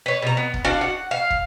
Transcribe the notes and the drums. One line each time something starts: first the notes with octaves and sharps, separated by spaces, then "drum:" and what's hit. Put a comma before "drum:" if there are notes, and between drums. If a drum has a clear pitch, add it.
B4 C#5
B2 A#5
B3
drum: kick
D4 F#4 F5
F#5
F5
drum: kick